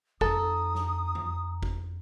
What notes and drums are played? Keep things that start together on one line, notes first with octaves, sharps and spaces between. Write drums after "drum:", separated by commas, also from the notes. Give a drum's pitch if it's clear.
F2 D#4 A4 A#5 D#6, drum: kick
drum: snare
drum: tom E2
drum: kick